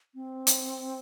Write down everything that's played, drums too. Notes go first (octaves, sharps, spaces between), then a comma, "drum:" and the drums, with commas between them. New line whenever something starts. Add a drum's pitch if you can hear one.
C4
drum: hi-hat